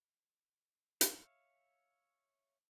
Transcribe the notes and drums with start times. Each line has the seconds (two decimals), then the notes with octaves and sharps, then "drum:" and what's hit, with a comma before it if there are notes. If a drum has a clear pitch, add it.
1.01 C#5 E5 F5, drum: hi-hat